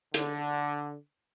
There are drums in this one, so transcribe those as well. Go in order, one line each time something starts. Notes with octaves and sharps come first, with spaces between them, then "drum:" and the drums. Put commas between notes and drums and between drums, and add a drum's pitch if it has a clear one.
D3, drum: hi-hat